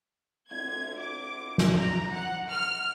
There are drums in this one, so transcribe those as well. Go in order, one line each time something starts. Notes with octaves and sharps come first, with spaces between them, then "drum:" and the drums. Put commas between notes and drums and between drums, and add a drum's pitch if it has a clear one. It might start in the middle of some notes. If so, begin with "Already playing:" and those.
G#6, drum: cymbal
D6
drum: snare
A#5
F#5
F6